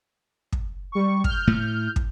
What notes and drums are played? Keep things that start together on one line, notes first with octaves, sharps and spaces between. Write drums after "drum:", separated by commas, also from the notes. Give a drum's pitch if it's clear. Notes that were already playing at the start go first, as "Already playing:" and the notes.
drum: kick
G3 C#6
F6 G6, drum: kick
A2 A3
drum: kick